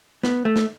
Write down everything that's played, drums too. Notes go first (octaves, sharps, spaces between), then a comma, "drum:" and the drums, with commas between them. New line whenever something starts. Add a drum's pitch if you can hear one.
B3, drum: snare
A3
drum: snare